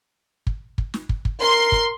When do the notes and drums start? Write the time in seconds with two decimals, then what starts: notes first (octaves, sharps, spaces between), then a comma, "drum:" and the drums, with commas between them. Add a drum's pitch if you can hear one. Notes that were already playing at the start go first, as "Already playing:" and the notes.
0.47 drum: kick
0.78 drum: kick
0.94 drum: snare
1.09 drum: kick
1.25 drum: kick
1.41 A#4 C6
1.72 drum: kick